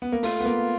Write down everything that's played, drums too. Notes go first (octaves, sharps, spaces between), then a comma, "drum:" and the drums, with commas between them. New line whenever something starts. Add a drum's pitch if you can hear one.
B3
A#3
A3 F4, drum: open hi-hat
B3
A#3